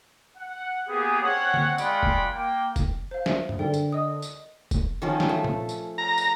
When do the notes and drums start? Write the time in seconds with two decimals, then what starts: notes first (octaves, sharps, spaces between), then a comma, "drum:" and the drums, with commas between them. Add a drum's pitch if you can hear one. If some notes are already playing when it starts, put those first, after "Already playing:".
0.37 F#5
0.88 A#3 B3 G4 G#4
1.23 C4 C#4 C#5 F#5
1.54 drum: tom D3
1.78 G#3 F4 D5 F#5 G5 B5, drum: tambourine
2.03 drum: kick F1
2.32 A#3 G5
2.76 drum: kick F1, tambourine
3.11 C5 F5
3.26 E5, drum: snare
3.49 drum: tom F#2
3.59 D3 A#4 D5 G5
3.74 drum: tambourine
3.92 D#5 D#6
4.22 drum: tambourine
4.71 drum: kick F1, tambourine
5.02 D#3 F3 C#4
5.20 drum: snare
5.29 A3
5.44 drum: tom A#2
5.69 drum: tambourine
5.98 A#5
6.18 drum: tambourine